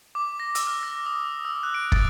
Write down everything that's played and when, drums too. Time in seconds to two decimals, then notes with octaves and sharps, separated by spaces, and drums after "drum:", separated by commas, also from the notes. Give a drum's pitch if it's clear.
0.15 D6
0.40 A#6
0.55 E6, drum: hi-hat
0.67 F6
0.83 A#6
1.06 D#6
1.45 E6
1.63 F#6
1.74 D7
1.92 A6, drum: kick